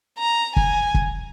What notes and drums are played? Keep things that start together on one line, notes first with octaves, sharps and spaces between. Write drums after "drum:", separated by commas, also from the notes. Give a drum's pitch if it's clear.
A#5
G#5, drum: kick
drum: kick